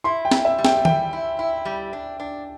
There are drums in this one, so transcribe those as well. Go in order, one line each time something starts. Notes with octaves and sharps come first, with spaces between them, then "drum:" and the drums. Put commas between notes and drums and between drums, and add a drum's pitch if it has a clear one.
E4 C6
G5
E4, drum: snare
E5
G3
G5, drum: snare
E4 G5, drum: tom D#3
E4
E4
G3
D4
D4